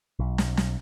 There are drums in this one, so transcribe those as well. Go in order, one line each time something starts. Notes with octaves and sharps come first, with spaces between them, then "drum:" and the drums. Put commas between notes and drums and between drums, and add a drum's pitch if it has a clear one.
B1
drum: snare
drum: snare